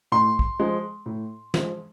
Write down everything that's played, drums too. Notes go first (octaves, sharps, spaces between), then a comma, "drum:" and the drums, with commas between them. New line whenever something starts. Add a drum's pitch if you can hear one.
A2 C6
drum: kick B1
F3 G#3
A2
F3 G#3, drum: snare